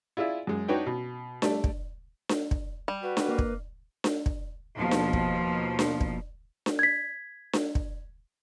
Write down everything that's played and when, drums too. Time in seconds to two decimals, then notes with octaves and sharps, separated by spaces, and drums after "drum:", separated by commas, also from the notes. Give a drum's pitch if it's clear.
0.17 E4 F4 G#4 D5 E5
0.47 F#2 G#3
0.68 D4 D#4 F#4 B4 C#5 G5
0.86 B2
1.42 G3 A3 D5, drum: snare D4
1.64 drum: kick
2.29 drum: snare D4
2.51 drum: kick
2.88 G3
3.03 F#4 B4
3.17 drum: snare D4
3.28 A#3
3.39 drum: kick
4.04 drum: snare D4
4.26 drum: kick
4.76 D#2 B2 F3
4.91 drum: snare D4
5.13 drum: kick
5.79 drum: snare D4
6.01 drum: kick
6.66 drum: snare D4
6.79 G#6 B6
7.53 drum: snare D4
7.75 drum: kick